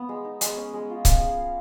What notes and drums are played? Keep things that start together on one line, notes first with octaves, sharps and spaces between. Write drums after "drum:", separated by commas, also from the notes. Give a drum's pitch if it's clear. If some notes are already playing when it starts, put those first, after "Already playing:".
Already playing: B3
G#3
D#4
G#3, drum: hi-hat
C#4
G#3
F4
C#4, drum: kick C#1, hi-hat
G#4
F5